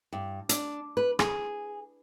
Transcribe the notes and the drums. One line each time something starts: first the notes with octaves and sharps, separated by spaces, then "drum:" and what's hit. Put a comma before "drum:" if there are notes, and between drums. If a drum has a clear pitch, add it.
G2
D4, drum: hi-hat
B4
G#4, drum: rim click